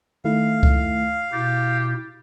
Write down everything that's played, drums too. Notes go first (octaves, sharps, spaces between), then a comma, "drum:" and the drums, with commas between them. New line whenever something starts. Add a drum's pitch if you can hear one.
D#3 A3 E4 F5
drum: kick C#2
B2 E4 G4 A6